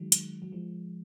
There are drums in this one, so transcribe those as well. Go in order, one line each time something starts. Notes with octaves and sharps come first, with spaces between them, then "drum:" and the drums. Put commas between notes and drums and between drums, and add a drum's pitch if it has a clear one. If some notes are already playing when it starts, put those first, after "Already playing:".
Already playing: D#3 F#3 G#3
drum: hi-hat
F#3
F3 G#3